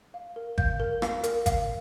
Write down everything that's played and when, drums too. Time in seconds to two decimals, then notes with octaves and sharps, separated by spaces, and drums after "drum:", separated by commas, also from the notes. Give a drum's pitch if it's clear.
0.14 F5
0.36 A#4
0.58 F5 G6, drum: kick G#1
0.80 A#4
1.02 F5, drum: rim click
1.24 A#4, drum: hi-hat
1.46 F5, drum: kick G#1, hi-hat